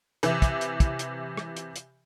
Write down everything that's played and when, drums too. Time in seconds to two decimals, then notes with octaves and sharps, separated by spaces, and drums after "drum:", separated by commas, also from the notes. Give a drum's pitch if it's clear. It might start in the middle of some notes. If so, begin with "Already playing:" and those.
0.23 C3 E3, drum: hi-hat
0.42 drum: kick, hi-hat
0.61 drum: hi-hat
0.80 drum: kick, hi-hat
0.99 drum: hi-hat
1.37 drum: rim click
1.57 drum: hi-hat
1.76 drum: hi-hat